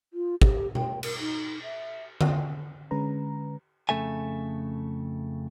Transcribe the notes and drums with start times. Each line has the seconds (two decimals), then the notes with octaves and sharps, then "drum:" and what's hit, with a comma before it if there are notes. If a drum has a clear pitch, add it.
0.13 F4
0.42 G4, drum: kick
0.75 G5, drum: tom B2
1.03 A#4, drum: cymbal
1.19 D#4
1.62 E5
2.21 drum: tom D3
2.91 D3 G#3 C#4 B4 A#5
3.89 F2 C#3 A3 A4 E5 G#5